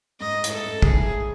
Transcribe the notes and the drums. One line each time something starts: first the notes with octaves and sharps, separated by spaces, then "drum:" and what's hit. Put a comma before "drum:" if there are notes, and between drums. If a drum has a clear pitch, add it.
G#2 D#5
A2, drum: hi-hat
A4
G#2
G#4, drum: kick
A2